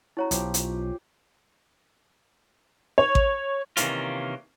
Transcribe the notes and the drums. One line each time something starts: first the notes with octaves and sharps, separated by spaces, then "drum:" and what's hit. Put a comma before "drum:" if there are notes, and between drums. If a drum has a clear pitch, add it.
C#4 E4 F#4 C#5 A#5
B1 F3 G4, drum: hi-hat
drum: hi-hat
C#5
drum: kick A1
C3 D#3 E3 A#3 C#4 F4, drum: hi-hat